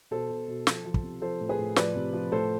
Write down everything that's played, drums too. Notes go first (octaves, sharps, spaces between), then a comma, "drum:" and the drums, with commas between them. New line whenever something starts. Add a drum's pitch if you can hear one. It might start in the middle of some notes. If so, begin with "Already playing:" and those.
B2 A4 C5
B2
B2
F3, drum: snare
F3
drum: kick
C3
F3 A4 C5
A2
G#4 B4
A2
F3 B4 D5, drum: snare
C3
F3
A2 A4 C5